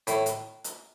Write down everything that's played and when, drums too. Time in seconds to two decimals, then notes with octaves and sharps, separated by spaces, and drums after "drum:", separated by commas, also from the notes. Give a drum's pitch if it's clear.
0.07 A2, drum: hi-hat
0.26 drum: hi-hat
0.64 drum: hi-hat